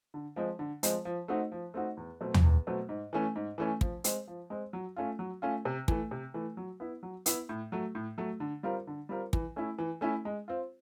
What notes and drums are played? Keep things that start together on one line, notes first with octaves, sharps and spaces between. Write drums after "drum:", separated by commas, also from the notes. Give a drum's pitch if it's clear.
D3
F3 G#3 C4
D3
F3 G#3 C4, drum: hi-hat
F3
A3 C4 D#4 F#4
F3
A3 C4 D#4 F#4
E2
B2 F#3 A3 C4
drum: tom
E2
B2 F#3 A3 C4
G#2
E3 A3 C#4
G#2
E3 A3 C#4
F3, drum: kick
G#3 C4, drum: hi-hat
F3
G#3 C4
F#3
A3 C#4 F4
F#3
A3 C#4 F4
C3
E3 A3, drum: kick
C3
E3 A3
F#3
B3 E4
F#3
B3 E4, drum: hi-hat
A2
F#3 A3
A2
F#3 A3
D3
G3 C4 F4 A#4
D3
G3 C4 F4 A#4
E3, drum: kick
A3 C#4 E4
E3
A3 C#4 E4
G#3
C4 F4